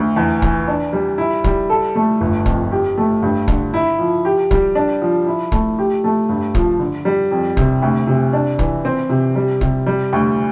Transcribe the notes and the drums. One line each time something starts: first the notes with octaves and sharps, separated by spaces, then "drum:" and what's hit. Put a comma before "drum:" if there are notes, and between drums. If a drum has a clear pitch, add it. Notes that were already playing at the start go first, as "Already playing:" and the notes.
Already playing: D2
E2
E3, drum: kick
D4
G3
E4
G3, drum: kick
A4
A3
G1
F2, drum: kick
G4
A3
G2
D3, drum: kick
E4
F3
G4
G3, drum: kick
D4
F3
E4
A3, drum: kick
G4
A3
G2
F3, drum: kick
D3
G3
F2
C3, drum: kick
D2
C3
D4
E3, drum: kick
C4
C3
G3
C3, drum: kick
G3
D2